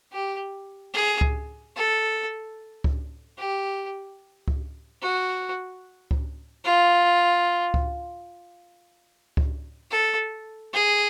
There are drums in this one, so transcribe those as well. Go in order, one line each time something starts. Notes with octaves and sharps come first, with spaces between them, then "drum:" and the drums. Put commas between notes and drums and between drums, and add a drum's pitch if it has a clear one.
G4
G#4
drum: kick C#2
A4
drum: kick C#2
G4
drum: kick C#2
F#4
drum: kick C#2
F4
drum: kick C#2
drum: kick C#2
A4
G#4